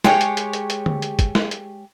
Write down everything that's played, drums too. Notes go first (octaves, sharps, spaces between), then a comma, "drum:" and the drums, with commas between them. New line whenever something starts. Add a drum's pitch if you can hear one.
G#3 G4 C#5, drum: snare
drum: hi-hat
drum: hi-hat
drum: hi-hat
drum: hi-hat
drum: tom D3
drum: hi-hat
drum: kick, hi-hat
drum: snare
drum: hi-hat